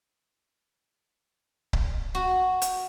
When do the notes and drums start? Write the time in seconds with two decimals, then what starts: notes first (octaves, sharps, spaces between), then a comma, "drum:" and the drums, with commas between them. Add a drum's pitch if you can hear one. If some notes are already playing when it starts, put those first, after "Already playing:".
1.73 drum: kick C#1
2.15 F#4
2.62 drum: hi-hat